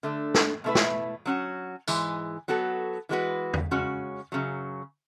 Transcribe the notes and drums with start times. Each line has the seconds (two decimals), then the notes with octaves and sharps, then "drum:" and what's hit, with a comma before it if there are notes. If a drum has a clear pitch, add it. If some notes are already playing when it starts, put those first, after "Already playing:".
0.03 D3 A3 D4
0.34 drum: snare
0.64 B2 A3 E4 B4
0.75 drum: snare
1.26 F#3 C#4 F#4
1.88 G#2 E3 G#3, drum: tambourine
2.48 F#3 B3 F#4 A4
3.09 E3 G#3 B3 F#4 B4
3.53 drum: tom E2
3.71 C#3 G#3 C#4 F#4
4.32 F#2 C#3 F#3